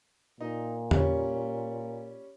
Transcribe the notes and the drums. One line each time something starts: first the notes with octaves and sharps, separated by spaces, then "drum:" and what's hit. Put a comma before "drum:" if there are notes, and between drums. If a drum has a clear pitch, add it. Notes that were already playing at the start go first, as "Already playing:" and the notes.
A#2 D#4
G3 C#4, drum: tom E2